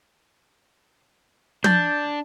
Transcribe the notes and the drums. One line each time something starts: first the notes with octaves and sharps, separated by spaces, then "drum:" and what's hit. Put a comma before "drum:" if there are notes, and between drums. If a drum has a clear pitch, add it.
D4 G6 A6, drum: tom